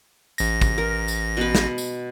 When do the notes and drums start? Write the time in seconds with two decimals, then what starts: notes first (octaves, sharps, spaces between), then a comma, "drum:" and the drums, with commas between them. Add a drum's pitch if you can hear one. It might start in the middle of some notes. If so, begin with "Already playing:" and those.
0.38 A1 A#6, drum: tambourine
0.62 drum: kick, tambourine
0.78 A#4
1.08 drum: tambourine
1.37 B2 B4
1.55 drum: snare
1.78 drum: tambourine